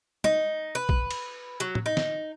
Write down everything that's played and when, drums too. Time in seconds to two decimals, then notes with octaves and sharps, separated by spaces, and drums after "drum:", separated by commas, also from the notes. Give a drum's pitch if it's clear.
0.24 D#4, drum: tom
0.75 B4
0.89 drum: kick A#1
1.11 drum: cymbal
1.60 F#3
1.75 drum: tom
1.86 D#4
1.97 drum: snare